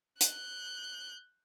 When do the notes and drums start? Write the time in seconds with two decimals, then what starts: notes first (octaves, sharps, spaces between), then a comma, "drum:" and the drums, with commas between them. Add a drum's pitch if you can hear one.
0.21 F#6 G6, drum: hi-hat